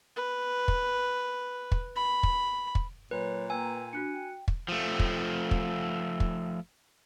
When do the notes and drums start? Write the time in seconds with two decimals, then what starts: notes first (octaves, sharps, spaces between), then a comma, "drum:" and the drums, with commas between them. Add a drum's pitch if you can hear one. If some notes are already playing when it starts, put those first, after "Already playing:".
0.16 B4
0.68 drum: kick
1.72 drum: kick
1.96 B5
2.23 drum: kick
2.75 drum: kick
3.11 A#2 F#3 B4 C#5 B5
3.50 A#3 B4 G5 G#5 A#5 E6
3.93 D4 F#4 F#6 C#7
4.14 G5
4.48 drum: kick
4.68 F3 A3
4.99 drum: kick
5.51 drum: kick
6.20 drum: kick